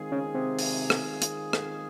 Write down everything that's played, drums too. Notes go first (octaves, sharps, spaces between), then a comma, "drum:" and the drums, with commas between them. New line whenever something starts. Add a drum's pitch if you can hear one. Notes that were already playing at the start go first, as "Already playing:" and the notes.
Already playing: D#3 G#3 C4 F4 G#4
C#3
C3
drum: open hi-hat
drum: rim click
drum: hi-hat
drum: rim click